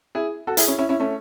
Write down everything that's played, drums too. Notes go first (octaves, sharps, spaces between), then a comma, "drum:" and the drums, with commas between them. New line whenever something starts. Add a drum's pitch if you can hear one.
E4 G#4
F#4 A4
E4 G#4, drum: hi-hat
C#4 E4
C#4 E4
C#4 E4
A3 C#4